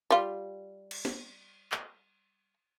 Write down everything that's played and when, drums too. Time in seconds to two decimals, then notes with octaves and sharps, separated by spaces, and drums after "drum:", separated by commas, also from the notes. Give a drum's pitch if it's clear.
0.10 G3 F4
0.91 drum: cymbal
1.05 drum: snare
1.72 drum: clap